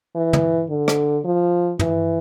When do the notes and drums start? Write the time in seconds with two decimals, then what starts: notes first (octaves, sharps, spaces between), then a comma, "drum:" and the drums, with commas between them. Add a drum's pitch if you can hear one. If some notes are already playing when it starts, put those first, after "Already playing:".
0.15 E3
0.33 drum: tom
0.70 D3
0.88 drum: rim click
1.25 F3
1.79 E3, drum: tom